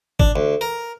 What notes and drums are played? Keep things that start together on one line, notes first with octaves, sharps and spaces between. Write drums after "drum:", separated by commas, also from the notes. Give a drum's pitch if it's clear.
D4, drum: kick
D2
A#4